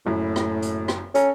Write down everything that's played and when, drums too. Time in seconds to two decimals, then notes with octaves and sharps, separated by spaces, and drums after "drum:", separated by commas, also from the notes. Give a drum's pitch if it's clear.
0.06 F#1 F#2 A2 E4
0.36 drum: rim click
0.62 drum: hi-hat
0.88 drum: rim click
1.15 C#4 A4 C#5 A#5, drum: hi-hat